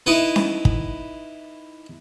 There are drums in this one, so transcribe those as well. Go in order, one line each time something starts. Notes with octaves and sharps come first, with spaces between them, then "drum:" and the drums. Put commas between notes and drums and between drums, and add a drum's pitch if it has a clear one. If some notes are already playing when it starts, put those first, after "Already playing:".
D#4 E4 B4
drum: snare C#4
drum: kick